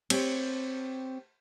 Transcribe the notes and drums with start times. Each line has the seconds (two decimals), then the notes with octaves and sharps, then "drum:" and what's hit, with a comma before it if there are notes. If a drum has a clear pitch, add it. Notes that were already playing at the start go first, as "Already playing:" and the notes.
0.10 C4 G4 C#5, drum: cymbal